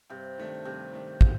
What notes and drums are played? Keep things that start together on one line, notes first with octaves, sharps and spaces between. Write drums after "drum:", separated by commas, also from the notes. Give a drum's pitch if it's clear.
G2 C3
D#3 A3 D4
G2 C3
D#3 A3 D4
A#2, drum: kick